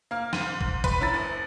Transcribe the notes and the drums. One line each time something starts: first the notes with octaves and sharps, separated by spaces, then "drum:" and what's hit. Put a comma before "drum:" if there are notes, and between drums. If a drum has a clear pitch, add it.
A#3 F6
G#2 D#7, drum: snare
drum: kick
B4 C6, drum: kick, hi-hat
C#4 E4 A#5 A6
F#1